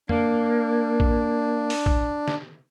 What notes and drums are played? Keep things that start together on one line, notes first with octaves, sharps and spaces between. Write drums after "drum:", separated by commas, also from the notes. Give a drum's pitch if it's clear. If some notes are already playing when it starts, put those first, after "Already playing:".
A#3 D4, drum: tom
drum: kick A#1
drum: open hi-hat
drum: kick A#1
drum: snare